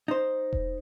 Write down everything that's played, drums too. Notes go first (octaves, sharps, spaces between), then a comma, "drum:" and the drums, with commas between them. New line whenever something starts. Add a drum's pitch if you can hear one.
D#4 C5
drum: kick E1